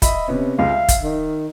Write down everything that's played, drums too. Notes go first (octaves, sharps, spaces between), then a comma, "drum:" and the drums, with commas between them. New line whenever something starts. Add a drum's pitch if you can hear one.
D#5 E5 B5, drum: kick, hi-hat
C3 B3 C#4
C#2 G#3 F5
E5
drum: kick, hi-hat
D#3